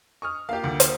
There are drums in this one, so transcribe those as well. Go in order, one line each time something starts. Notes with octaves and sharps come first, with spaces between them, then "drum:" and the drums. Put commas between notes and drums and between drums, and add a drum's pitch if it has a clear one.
C#6 D#6 F6
A#3 F4 G4 F5
D2
drum: hi-hat